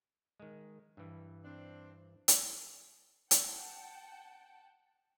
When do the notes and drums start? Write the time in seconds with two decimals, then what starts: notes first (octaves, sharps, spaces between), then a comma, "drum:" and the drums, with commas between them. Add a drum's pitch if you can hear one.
0.40 D#3 G#3
0.97 G2 E3
1.44 C4 D4
2.28 drum: hi-hat
3.31 F#5 G5 A5, drum: hi-hat